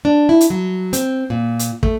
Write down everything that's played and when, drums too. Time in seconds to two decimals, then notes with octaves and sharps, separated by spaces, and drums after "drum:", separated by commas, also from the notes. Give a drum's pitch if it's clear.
0.05 D4
0.29 E4
0.41 drum: hi-hat
0.50 F#3
0.93 C4, drum: hi-hat
1.30 A#2
1.59 drum: hi-hat
1.83 A3, drum: kick